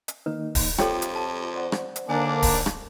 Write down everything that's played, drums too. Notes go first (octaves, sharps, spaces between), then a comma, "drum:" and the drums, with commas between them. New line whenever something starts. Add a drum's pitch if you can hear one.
drum: hi-hat
D#3 A#3 D#4 B4
drum: kick D1, open hi-hat
F2 F4 G4 A4 C#5 G5, drum: rim click
drum: hi-hat
A5
C5 D5 F#5
drum: rim click
drum: hi-hat
D#2 D3 A#3 D4 G#5
drum: kick D1, open hi-hat
drum: rim click